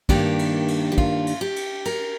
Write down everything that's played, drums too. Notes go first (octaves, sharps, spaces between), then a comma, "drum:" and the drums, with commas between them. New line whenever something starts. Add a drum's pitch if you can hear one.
G2 D#3 A#3 D4 G4, drum: kick, cymbal
drum: cymbal
drum: cymbal
G4
F4, drum: kick
drum: cymbal
G4
drum: cymbal
A#4, drum: cymbal